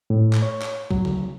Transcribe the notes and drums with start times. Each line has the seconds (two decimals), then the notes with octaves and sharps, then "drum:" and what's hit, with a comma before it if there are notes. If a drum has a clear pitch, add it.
0.10 A2
0.33 drum: clap
0.42 C#5
0.62 drum: clap
0.91 F#3, drum: kick C2
1.05 drum: tom C#3